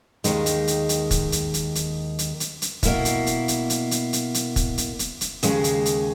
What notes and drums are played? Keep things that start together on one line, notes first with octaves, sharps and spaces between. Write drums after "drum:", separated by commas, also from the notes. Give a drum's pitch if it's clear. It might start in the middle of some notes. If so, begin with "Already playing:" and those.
D#2 D#3 G#3, drum: hi-hat
drum: hi-hat
drum: hi-hat
drum: hi-hat
drum: kick, hi-hat
drum: hi-hat
drum: hi-hat
drum: hi-hat
drum: hi-hat
drum: hi-hat
drum: hi-hat
B2 A#3 E4, drum: kick, hi-hat
drum: hi-hat
drum: hi-hat
drum: hi-hat
drum: hi-hat
drum: hi-hat
drum: hi-hat
drum: hi-hat
drum: kick, hi-hat
drum: hi-hat
drum: hi-hat
drum: hi-hat
D#2 C#3 G#3, drum: hi-hat
drum: hi-hat
drum: hi-hat